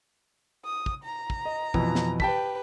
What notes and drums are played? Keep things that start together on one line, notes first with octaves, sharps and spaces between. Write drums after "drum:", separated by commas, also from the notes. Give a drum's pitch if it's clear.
D#6
drum: kick
A#5
drum: kick
D#5
F2 B2 E3, drum: kick
drum: snare
G4 B4 G5 A5 B6, drum: kick